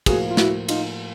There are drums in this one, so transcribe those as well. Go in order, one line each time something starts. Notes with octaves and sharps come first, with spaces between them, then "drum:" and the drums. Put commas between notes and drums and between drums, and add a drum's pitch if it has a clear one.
A2 F3 A#3 F#4 G#4, drum: kick, cymbal
F4
E4 F#4, drum: snare
D#4 F4, drum: cymbal